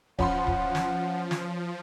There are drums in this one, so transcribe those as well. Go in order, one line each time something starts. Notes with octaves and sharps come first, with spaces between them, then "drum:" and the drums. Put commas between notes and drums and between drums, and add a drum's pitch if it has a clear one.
F3 C#4 F#5 B5 C6, drum: kick D1
drum: kick D1
drum: snare
drum: snare